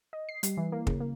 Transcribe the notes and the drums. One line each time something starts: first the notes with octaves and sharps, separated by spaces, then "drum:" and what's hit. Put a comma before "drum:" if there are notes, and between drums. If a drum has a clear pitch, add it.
D#5
C7
G3, drum: hi-hat
E3
A#3
C#3, drum: kick
A#3